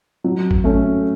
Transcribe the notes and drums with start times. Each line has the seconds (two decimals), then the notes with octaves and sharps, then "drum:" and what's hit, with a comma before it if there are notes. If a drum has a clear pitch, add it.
0.24 F#3
0.51 drum: kick G#1
0.64 A3 C#4